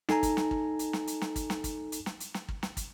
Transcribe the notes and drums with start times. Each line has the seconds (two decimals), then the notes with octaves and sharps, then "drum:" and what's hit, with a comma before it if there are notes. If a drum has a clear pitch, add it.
0.09 D#4 A4 G#5 A#5, drum: snare
0.23 drum: kick, hi-hat
0.37 drum: snare
0.51 drum: kick
0.79 drum: hi-hat
0.93 drum: snare
1.07 drum: hi-hat
1.22 drum: snare
1.36 drum: kick, hi-hat
1.50 drum: snare
1.64 drum: kick, hi-hat
1.92 drum: hi-hat
2.06 drum: snare
2.20 drum: hi-hat
2.34 drum: snare
2.48 drum: kick
2.63 drum: snare
2.77 drum: kick, hi-hat